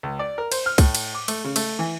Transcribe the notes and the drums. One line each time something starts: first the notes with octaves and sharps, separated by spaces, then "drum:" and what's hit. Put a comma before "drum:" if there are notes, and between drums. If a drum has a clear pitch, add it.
C#2
D5
A#4
C5, drum: cymbal
F6
A2, drum: kick C2, cymbal
drum: cymbal
D6
A3, drum: cymbal
C#3
A3, drum: cymbal
E3